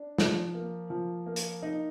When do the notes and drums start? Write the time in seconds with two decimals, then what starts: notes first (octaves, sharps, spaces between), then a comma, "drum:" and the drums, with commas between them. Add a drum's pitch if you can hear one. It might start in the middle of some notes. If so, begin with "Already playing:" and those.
Already playing: D4
0.18 F3, drum: snare
0.54 A#3
0.90 F3
1.26 A#3
1.36 drum: hi-hat
1.63 D#4